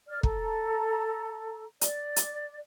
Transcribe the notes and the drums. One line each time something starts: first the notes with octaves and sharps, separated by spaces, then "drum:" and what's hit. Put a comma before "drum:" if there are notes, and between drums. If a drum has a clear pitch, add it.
D5 F6
A4 A#5, drum: kick
D5, drum: hi-hat
drum: hi-hat